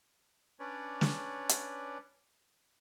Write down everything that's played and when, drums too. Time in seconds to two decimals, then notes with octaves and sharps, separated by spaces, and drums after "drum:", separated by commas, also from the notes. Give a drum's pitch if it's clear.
0.60 C#4 D4 B4 C#5 D5
1.01 drum: snare
1.49 drum: hi-hat